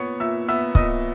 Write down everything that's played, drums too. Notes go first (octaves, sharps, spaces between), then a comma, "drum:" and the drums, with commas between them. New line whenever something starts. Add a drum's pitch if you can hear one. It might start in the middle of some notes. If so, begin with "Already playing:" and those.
Already playing: A#2 B3 C#5 C#6
A#2 E5 E6
B3 E5 E6
A#2 D#5 D#6, drum: kick C#1